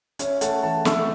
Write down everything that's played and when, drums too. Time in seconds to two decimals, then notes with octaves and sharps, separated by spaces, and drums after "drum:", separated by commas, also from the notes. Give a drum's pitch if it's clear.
0.19 C#4 C#5 E5, drum: hi-hat
0.41 A3 F#5 A5, drum: hi-hat
0.63 E3 F#5 A5
0.85 A3 C#6 E6, drum: snare